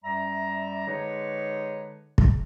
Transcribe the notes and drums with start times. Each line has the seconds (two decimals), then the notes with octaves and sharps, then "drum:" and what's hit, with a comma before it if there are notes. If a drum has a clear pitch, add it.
0.04 F#2 G3 D5 E5 A#5
0.87 D3 G#3 D#4 G#4 B4 C#5
2.18 drum: kick